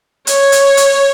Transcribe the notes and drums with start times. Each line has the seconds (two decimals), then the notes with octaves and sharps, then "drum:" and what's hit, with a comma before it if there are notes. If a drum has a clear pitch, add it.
0.27 C#5, drum: hi-hat
0.52 drum: hi-hat
0.77 drum: hi-hat